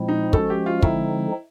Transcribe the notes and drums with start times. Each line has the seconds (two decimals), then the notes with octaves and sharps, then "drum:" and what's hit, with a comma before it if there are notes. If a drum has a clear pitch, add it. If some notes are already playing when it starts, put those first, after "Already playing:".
Already playing: A#2 F3 G#3 C4 E4
0.08 D#4
0.33 F3 G#3 C#4 F#4 A4, drum: kick
0.50 G4
0.66 F4
0.83 D3 F3 G#3 C4 D#4 E4, drum: kick